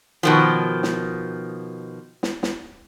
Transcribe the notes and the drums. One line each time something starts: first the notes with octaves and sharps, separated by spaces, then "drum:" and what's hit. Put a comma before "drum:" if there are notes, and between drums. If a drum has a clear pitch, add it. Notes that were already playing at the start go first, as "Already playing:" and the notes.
B2 D#3 F3
drum: snare
drum: snare
drum: snare